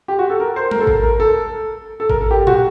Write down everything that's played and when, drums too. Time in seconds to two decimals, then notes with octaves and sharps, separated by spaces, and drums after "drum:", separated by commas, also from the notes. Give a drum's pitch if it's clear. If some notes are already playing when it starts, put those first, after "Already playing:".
0.08 G4
0.19 F#4
0.30 A4
0.40 A#4
0.56 C5
0.71 A#4, drum: tom
0.81 A4
0.87 A#4, drum: kick G#1
1.03 A#4
1.20 A4
2.00 A4
2.10 A#4, drum: kick G#1
2.21 A4
2.31 G4
2.41 G4
2.47 F#4, drum: tom A#2